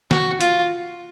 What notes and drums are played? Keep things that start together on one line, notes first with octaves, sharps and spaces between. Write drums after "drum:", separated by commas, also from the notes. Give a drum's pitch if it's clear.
F#4, drum: snare
F4, drum: hi-hat